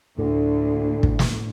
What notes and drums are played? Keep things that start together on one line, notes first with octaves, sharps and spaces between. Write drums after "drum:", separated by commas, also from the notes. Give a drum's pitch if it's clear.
D2 A2 D3
drum: kick
drum: snare